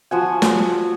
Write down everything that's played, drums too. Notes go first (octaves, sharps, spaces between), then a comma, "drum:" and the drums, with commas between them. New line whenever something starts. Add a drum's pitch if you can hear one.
F3 F#4 G#5
drum: snare